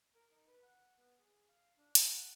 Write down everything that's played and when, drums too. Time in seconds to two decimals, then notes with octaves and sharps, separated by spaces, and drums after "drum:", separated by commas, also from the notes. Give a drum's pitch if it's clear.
0.15 A#4
0.31 D#4
0.47 B4
0.63 F#5
0.97 B3
1.19 G#4
1.49 F5
1.78 D4
1.95 F#5, drum: hi-hat